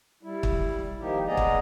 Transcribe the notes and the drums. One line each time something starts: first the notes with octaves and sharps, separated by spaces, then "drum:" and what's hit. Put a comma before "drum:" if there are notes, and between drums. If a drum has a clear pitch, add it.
G3 E4
drum: kick
D#3 F3 A#3 D#4 G4
G#3 B3 G#4 D5 D#5 A#5
drum: kick